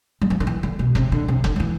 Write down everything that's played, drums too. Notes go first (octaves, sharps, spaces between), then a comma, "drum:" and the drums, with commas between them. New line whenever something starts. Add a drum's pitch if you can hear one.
G3
F3
D3
E3
D3
B2
C3, drum: kick F1
D3
C3
D3, drum: kick F1
F3
E3